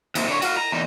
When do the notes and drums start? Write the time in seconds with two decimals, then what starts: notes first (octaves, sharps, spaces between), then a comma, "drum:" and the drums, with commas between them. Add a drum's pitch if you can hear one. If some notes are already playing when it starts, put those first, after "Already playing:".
0.15 D#2 C3, drum: cymbal
0.28 D3 C#5
0.42 F#4 F5, drum: cymbal
0.57 A#5
0.72 E2 D#4